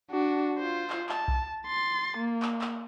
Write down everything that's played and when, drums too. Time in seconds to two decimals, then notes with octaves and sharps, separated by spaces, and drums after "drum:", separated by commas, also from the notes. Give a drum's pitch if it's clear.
0.10 D4 F#4
0.58 F4 C5
0.90 drum: clap
1.09 A5, drum: clap
1.28 drum: kick B1
1.66 C6 A6
2.17 A#3
2.42 drum: clap
2.61 drum: clap